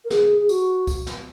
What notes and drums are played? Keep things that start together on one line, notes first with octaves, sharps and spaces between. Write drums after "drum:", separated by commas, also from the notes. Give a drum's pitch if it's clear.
A#4
G#4, drum: snare
G#4
F#4, drum: tambourine
drum: kick, tambourine
drum: snare